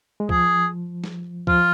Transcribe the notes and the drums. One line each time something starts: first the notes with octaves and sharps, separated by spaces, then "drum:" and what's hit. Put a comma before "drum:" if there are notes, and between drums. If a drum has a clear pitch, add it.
G#3
F3 G#4, drum: kick C#2
drum: snare
F3 F4, drum: kick C#2